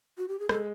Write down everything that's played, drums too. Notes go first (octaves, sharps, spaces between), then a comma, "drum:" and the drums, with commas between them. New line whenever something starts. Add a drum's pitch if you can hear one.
F#4
G4
G#4
G#3 A4, drum: rim click